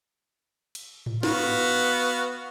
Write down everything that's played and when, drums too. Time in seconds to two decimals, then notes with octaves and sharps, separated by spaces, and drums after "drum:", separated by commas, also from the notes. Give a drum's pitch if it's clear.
0.75 drum: cymbal
1.06 drum: tom G#2
1.23 B3 F#4 F5, drum: snare